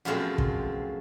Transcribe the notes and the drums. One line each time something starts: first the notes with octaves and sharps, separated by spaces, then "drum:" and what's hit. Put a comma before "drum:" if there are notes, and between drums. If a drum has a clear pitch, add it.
F#2 B2 F3 G#3 A3 C4
drum: kick